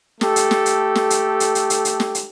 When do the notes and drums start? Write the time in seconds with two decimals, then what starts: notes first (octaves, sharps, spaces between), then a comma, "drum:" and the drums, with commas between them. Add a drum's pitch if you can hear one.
0.21 A3 G4 A4, drum: snare
0.36 drum: hi-hat
0.51 drum: snare
0.66 drum: hi-hat
0.95 drum: snare
1.10 drum: hi-hat
1.40 drum: hi-hat
1.55 drum: hi-hat
1.70 drum: hi-hat
1.85 drum: hi-hat
2.00 drum: snare
2.15 drum: hi-hat